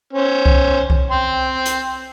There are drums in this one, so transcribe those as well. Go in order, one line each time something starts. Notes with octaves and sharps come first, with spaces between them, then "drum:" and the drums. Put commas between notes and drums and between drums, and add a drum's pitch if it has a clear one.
C#4 C5
drum: kick C2
drum: kick C2
G5 C6
drum: hi-hat